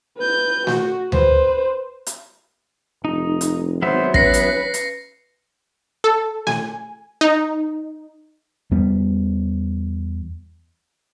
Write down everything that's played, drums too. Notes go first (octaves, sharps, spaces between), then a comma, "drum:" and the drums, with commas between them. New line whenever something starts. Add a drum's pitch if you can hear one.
B4 G6
F#4, drum: snare A3
B4 C5, drum: tom D2
drum: hi-hat
F1 D#4
drum: hi-hat
G#1 F#3 B3 C5 E5
C#4 B4 A#6 C7 C#7, drum: kick
drum: hi-hat
drum: hi-hat
A4
G#5, drum: snare A3
D#4
E2 G3 B3